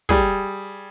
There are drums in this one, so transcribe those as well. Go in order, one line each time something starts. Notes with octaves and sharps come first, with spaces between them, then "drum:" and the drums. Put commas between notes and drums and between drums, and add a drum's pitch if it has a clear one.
G3 G#4, drum: kick
drum: hi-hat